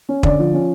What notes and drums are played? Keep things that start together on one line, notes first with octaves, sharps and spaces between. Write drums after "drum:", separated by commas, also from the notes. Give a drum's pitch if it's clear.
C#4
D3 D5, drum: kick
F3
C#4